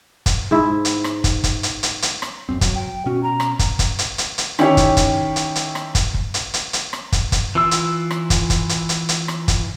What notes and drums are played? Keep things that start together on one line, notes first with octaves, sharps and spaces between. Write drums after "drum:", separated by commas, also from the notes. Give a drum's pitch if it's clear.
drum: kick, hi-hat
G#2 E4 E5
drum: hi-hat
drum: rim click
drum: kick, hi-hat
drum: kick, hi-hat
drum: hi-hat
drum: hi-hat
drum: hi-hat
drum: rim click
E1 F#2 C4
F#3, drum: kick, hi-hat
G5
B2 C#4 F#4
A#5
drum: rim click
drum: kick, hi-hat
drum: kick, hi-hat
drum: hi-hat
drum: hi-hat
drum: hi-hat
D#3 C#4 E4 G4 C#5, drum: rim click
drum: kick, hi-hat
drum: kick, hi-hat
drum: hi-hat
drum: hi-hat
drum: rim click
drum: kick, hi-hat
drum: kick
drum: hi-hat
drum: hi-hat
drum: hi-hat
drum: rim click
drum: kick, hi-hat
drum: kick, hi-hat
E3 F4 E6
drum: hi-hat
drum: rim click
drum: kick, hi-hat
drum: kick, hi-hat
drum: hi-hat
drum: hi-hat
drum: hi-hat
drum: rim click
drum: kick, hi-hat